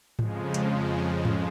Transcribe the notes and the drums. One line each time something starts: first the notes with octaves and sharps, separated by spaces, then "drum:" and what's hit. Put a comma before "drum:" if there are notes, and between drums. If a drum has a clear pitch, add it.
F2 C#3 F3 G#3, drum: tom G#2
drum: hi-hat
drum: tom G#2